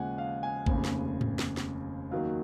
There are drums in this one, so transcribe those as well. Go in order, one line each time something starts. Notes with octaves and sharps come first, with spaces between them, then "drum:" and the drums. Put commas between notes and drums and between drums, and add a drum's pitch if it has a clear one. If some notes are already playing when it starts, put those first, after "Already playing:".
Already playing: D#2 C#3 F3 G#3 F#5 G#5
F5
G#5
F1 D#2 C#3, drum: kick A1
drum: snare
drum: tom G#2
drum: snare
drum: snare
D#2 D#3 F#3 F5